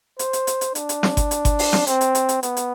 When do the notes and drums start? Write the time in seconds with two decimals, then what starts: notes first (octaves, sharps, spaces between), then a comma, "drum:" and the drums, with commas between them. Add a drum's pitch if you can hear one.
0.19 C5, drum: hi-hat
0.33 drum: hi-hat
0.47 drum: hi-hat
0.61 drum: hi-hat
0.75 D4, drum: hi-hat
0.89 drum: hi-hat
1.03 drum: snare
1.17 drum: kick G1, hi-hat
1.31 drum: hi-hat
1.45 drum: kick G1, hi-hat
1.59 drum: open hi-hat
1.73 drum: snare
1.87 C4, drum: hi-hat
2.01 drum: hi-hat
2.15 drum: hi-hat
2.29 drum: hi-hat
2.43 B3, drum: hi-hat
2.57 drum: hi-hat